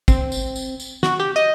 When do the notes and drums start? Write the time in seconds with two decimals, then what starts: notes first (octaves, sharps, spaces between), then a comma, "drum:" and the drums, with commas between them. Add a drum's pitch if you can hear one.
0.08 C4, drum: kick, tambourine
0.32 drum: tambourine
0.56 drum: tambourine
0.80 drum: tambourine
1.03 F#4, drum: snare
1.20 G4
1.36 D#5